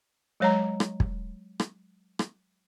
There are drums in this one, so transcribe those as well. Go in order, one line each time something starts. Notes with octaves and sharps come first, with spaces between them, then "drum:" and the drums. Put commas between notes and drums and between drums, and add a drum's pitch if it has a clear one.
F#3 G#3 C#5 D#5 A#5
drum: rim click
drum: kick
drum: rim click
drum: rim click